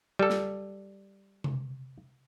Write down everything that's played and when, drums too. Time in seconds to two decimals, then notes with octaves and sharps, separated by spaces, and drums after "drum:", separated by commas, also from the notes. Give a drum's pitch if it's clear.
0.19 G3 A4
0.30 drum: snare
1.44 drum: tom C3